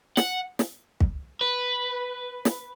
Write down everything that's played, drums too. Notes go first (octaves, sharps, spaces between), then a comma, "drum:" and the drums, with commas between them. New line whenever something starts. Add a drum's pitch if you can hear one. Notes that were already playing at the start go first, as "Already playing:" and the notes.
F#5, drum: snare
drum: snare
drum: kick
B4
drum: snare